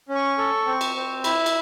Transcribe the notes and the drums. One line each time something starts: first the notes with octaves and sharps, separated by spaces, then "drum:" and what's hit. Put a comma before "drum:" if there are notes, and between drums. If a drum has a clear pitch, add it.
C#4
C#6
A4
C4
drum: cymbal
C4
E4 B5, drum: cymbal
drum: cymbal